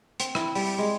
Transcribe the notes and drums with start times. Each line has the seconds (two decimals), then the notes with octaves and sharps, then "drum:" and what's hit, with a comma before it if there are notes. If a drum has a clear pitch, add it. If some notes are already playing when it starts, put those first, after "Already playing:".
0.20 C4, drum: hi-hat
0.35 E4, drum: rim click
0.55 G3, drum: open hi-hat
0.78 G#3